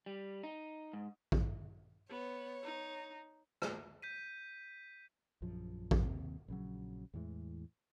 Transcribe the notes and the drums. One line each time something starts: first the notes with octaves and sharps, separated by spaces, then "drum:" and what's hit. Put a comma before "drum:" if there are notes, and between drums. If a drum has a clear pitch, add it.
G3
D#4
G#2
drum: kick A1
B3 C#5
D#4
drum: rim click
G6 B6 D#7
A#1 F#2 F3
drum: kick A1
D#2 C3
A#1 C#3 F#3
E2 A2 E3 G#3